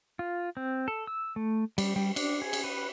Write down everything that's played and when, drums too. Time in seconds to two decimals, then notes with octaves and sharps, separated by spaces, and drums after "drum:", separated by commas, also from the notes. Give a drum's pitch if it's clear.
0.19 F4
0.57 C4
0.88 A4
1.07 E6
1.36 A3
1.78 G3, drum: cymbal
1.96 G3
2.16 D4, drum: cymbal
2.42 G#4
2.53 drum: cymbal
2.64 B4